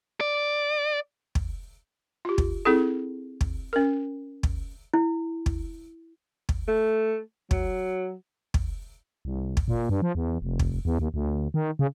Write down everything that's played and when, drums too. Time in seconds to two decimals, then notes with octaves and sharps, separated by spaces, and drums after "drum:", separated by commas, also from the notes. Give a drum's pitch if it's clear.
0.21 D5
1.35 drum: kick
2.25 F4 G4
2.38 drum: kick
2.65 C4 E4 G#4 A4
3.41 drum: kick
3.73 C#4 A#4
4.43 drum: kick
4.94 E4
5.46 drum: kick
6.49 drum: kick
6.68 A3
7.51 F#3, drum: kick
8.54 drum: kick
9.25 C2
9.57 drum: kick
9.68 A#2
9.89 G2
10.02 F3
10.15 E2
10.42 F1
10.59 drum: kick
10.85 E2
10.99 D#2
11.14 D2
11.54 D#3
11.79 C#3